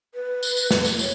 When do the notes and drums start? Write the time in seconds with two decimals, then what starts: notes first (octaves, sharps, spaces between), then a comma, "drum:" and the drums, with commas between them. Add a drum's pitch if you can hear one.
0.15 B4
0.43 drum: tambourine
0.57 drum: tambourine
0.71 drum: snare
0.85 drum: tambourine
0.99 C#5, drum: tambourine